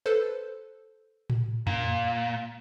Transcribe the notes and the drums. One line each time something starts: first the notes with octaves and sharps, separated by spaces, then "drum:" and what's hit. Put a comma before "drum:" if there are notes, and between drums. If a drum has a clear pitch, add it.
A4 B4 C5
drum: tom A2
A#2, drum: tom F2